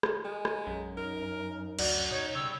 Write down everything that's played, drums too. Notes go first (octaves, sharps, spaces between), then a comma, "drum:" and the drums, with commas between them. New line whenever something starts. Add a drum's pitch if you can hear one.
drum: rim click
G#3
drum: rim click
B1 F#2
D#4 A#4
D2 F#4 D5, drum: cymbal
B2 D#4 C#5
C#3 G3 C#5 E6